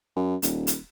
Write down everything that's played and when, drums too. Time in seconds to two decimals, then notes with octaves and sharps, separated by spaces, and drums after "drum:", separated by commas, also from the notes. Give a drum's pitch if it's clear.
0.16 F#2
0.42 D#1, drum: hi-hat
0.67 drum: hi-hat